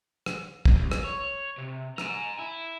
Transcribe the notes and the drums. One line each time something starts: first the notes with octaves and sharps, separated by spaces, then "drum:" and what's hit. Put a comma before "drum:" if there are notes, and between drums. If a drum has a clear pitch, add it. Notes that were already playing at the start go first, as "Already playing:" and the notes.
drum: rim click
drum: kick
C2
drum: rim click
C#5
C3
G#5 A#5, drum: rim click
E4